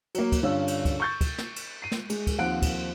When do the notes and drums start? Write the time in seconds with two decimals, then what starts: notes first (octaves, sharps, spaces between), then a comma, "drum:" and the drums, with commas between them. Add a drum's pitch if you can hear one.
0.15 F#3 A#3, drum: cymbal
0.32 drum: kick, cymbal
0.43 G2 D3 C#4 D4 F4 E6
0.68 drum: cymbal
0.85 drum: kick, cymbal
1.00 C#6 G6 A6
1.21 drum: kick, cymbal
1.38 drum: snare
1.56 drum: cymbal
1.82 C7 D#7
1.92 drum: snare
2.10 G#3, drum: cymbal
2.27 drum: kick, cymbal
2.38 D#2 F3 C4 F#5 F#6 D7
2.62 drum: kick, cymbal